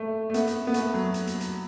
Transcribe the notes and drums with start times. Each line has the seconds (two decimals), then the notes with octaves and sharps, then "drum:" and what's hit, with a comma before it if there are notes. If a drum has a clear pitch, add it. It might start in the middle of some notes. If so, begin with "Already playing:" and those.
Already playing: A3
0.30 A3
0.34 B3, drum: hi-hat
0.47 drum: hi-hat
0.67 B3
0.74 A3, drum: hi-hat
0.94 F#3
1.14 drum: hi-hat
1.27 drum: hi-hat
1.41 drum: hi-hat